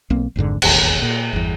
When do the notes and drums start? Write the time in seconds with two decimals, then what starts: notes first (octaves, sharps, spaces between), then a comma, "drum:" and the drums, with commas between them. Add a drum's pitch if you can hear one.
0.10 B1 A#3 C4
0.36 G#1 F2 G#2 D3
0.62 E1 A1 D#2, drum: cymbal
1.02 A#2
1.33 G1 E2